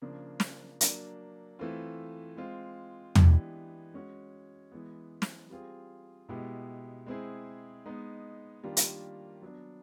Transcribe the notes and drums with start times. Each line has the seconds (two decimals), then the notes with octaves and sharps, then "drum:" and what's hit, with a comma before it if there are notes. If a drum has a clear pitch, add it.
0.02 C#3 F3 A#3 D4
0.40 drum: snare
0.81 F#3 A#3 D4, drum: hi-hat
1.59 E3 A3 C4 F4
2.37 G#3 C4 F4
3.15 E3 G#3 B3 D4 G4, drum: tom
3.94 G#3 C#4 F#4
4.71 E3 G#3 B3
5.22 drum: snare
5.50 G3 C4 F4 G#4
6.29 B2 G#3 B3 E4 G4
7.06 G#3 C4 E4 G#4
7.86 G#3 B3 D#4
8.63 D#3 G3 A#3 D4 F4
8.77 drum: hi-hat
9.42 F#3 B3 D4